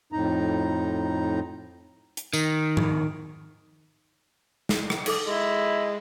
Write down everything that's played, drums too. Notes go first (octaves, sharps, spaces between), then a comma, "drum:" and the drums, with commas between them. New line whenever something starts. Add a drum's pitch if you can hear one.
F2 A2 D#4 A#5
drum: hi-hat
D#3, drum: tambourine
drum: tom G#2
drum: snare
drum: rim click
D#4 A4 D6, drum: cymbal
G#3 E4